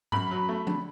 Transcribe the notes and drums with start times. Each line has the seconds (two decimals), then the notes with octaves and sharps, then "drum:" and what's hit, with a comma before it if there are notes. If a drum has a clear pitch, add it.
0.12 F#2 B5, drum: tom G#2
0.31 F#3
0.49 A3
0.67 D3, drum: tom F3